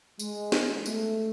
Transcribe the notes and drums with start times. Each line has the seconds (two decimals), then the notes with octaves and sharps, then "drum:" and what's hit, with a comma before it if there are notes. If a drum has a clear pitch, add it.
0.19 G#3, drum: tambourine
0.52 drum: snare
0.86 A3, drum: tambourine